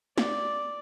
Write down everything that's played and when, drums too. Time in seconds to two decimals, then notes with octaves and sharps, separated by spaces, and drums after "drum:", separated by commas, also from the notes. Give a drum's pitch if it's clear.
0.18 D5, drum: snare